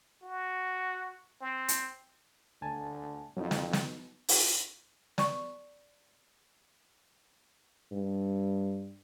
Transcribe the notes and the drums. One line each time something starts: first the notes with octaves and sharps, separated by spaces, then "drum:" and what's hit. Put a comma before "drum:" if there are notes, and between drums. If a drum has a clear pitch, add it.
F#4
C4
drum: hi-hat
D2 D3 G#5 A5
F2 F#3 D#4
drum: snare
drum: snare
drum: open hi-hat
D5 C#6, drum: snare
G2